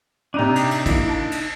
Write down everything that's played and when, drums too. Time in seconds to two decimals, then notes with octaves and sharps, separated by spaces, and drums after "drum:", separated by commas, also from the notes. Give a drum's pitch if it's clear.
0.34 C3 D4 D#4 A#5 D#7
0.56 drum: cymbal
0.71 drum: cymbal
0.86 A#3 E4, drum: kick, cymbal
1.09 A5
1.31 drum: cymbal